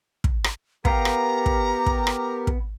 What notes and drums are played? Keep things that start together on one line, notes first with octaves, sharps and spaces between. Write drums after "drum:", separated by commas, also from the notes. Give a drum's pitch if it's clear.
drum: kick
drum: rim click
B3 G4 A#4 F5 G5 A#5, drum: kick
drum: rim click
drum: kick
drum: kick
drum: rim click
drum: kick